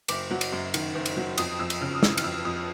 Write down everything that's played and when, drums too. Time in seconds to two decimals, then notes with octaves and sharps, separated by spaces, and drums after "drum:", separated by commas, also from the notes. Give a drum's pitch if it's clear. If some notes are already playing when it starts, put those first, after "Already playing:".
0.08 F#1 D6, drum: cymbal
0.31 F#3
0.41 drum: cymbal
0.52 F#2
0.74 D#3, drum: cymbal
0.95 F#1
1.06 drum: cymbal
1.17 F#3
1.38 F2 D#6, drum: cymbal
1.59 F2 E6
1.70 drum: cymbal
1.81 C#3 F6
1.95 D#6
2.03 E3 E6, drum: snare
2.17 F6, drum: cymbal
2.24 F2 E6
2.45 F2 D#6